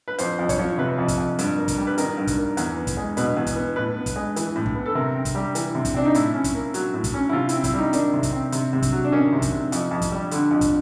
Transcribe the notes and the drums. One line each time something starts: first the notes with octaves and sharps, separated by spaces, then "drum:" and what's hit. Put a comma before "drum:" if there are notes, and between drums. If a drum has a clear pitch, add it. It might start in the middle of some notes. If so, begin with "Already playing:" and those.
B4
F2 C5, drum: hi-hat
F2
C#5, drum: kick, hi-hat
F3
C3 B4
F2
drum: kick, hi-hat
F2
G2, drum: hi-hat
A#3
drum: kick, hi-hat
G3
B4
D#3 A#4, drum: hi-hat
G2
drum: kick, hi-hat
A#3
E2, drum: hi-hat
B3
drum: kick, hi-hat
G#3
B2 B4, drum: hi-hat
E2
drum: kick, hi-hat
B3
A2 B4
B3
drum: kick, hi-hat
G#3
E3, drum: hi-hat
A2
drum: kick
B3
A4
C3 A#4
C4
drum: kick, hi-hat
G3
E3, drum: hi-hat
C3
drum: kick, hi-hat
C4 D4
D#4
A2 E4, drum: hi-hat
C#4
drum: kick, hi-hat
A#3
F#3, drum: hi-hat
A2
drum: kick, hi-hat
C#4
E4
C3 F4
C4 E4, drum: hi-hat
E4, drum: kick, hi-hat
G3 D#4
D#3 D4, drum: hi-hat
C3
drum: kick, hi-hat
C4
C3, drum: hi-hat
C3
drum: kick, hi-hat
F#3
D4
D#3 C#4
C3
drum: kick, hi-hat
C3
F2, drum: hi-hat
F2
drum: kick, hi-hat
G3
D3, drum: hi-hat
F2
drum: kick, hi-hat